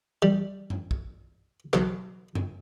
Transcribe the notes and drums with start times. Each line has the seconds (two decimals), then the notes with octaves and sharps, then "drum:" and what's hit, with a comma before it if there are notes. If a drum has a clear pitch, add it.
0.22 G3
0.70 drum: tom F#2
0.91 drum: kick
1.73 B1, drum: clap
2.35 drum: tom F#2